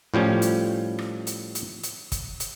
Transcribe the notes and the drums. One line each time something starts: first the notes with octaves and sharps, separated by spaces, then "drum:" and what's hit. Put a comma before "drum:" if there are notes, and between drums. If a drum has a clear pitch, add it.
A2 F3 G3 C#4
drum: hi-hat
drum: rim click
drum: hi-hat
drum: hi-hat
drum: hi-hat
drum: kick, hi-hat
drum: hi-hat